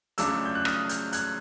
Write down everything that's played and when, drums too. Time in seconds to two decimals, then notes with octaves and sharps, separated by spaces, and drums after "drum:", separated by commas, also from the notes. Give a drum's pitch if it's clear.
0.18 C#2 C#3 F#3 A3 D4 D6 E6, drum: hi-hat
0.46 G6
0.55 F#6
0.65 D#6 F6, drum: rim click
0.89 F6 G6, drum: hi-hat
1.13 F#6 G#6, drum: hi-hat